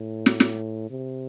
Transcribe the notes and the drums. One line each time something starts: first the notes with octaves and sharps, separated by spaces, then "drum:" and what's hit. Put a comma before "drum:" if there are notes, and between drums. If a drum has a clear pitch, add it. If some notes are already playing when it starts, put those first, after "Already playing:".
Already playing: A2
drum: snare
drum: snare
C3